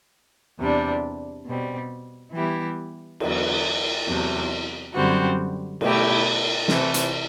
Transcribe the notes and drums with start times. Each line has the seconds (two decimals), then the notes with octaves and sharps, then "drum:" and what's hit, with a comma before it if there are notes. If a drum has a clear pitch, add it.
0.59 E2 C3 G3 D4
1.46 B2 G3 C4
2.33 E3 G3 B3 E4 G4
3.20 E2 D3 F#3 B3, drum: cymbal
4.07 E2 C3 F#3 A3
4.94 F#2 D3 G3 C4 F#4
5.81 B2 A3 E4 G4, drum: cymbal
6.68 C3 E3 A3 C4, drum: snare
6.94 drum: hi-hat